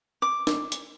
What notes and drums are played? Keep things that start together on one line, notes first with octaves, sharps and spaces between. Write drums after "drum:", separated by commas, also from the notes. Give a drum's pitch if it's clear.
D6
drum: snare
drum: hi-hat